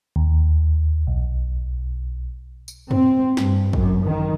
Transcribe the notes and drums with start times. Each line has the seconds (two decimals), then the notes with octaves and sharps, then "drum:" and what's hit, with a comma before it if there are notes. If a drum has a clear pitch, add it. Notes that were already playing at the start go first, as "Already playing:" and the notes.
0.16 D#2
1.07 B1
2.68 drum: tambourine
2.91 C4, drum: tom F2
3.37 G2, drum: snare
3.73 F#2, drum: kick
4.05 D#3